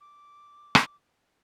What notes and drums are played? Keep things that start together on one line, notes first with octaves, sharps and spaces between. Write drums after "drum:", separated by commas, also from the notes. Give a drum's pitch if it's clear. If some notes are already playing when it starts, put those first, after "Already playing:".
D6
drum: rim click